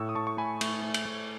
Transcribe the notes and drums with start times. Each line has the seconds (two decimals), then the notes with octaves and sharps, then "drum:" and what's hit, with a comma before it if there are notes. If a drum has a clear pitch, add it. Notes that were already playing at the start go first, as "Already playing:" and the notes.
Already playing: A2 C#6 E6
0.09 D#6
0.15 A2 A5 C#6
0.27 C#6
0.37 A3 G#5 B5
0.61 A3, drum: cymbal
0.82 A3
0.94 drum: cymbal
1.05 A3